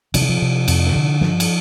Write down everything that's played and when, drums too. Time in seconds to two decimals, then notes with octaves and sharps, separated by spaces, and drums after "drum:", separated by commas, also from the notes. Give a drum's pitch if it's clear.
0.14 C3 F3, drum: cymbal
0.21 E3
0.29 F3
0.42 C3
0.68 F2, drum: cymbal
0.86 drum: snare
0.95 D3
1.21 G2 F3, drum: snare
1.40 drum: cymbal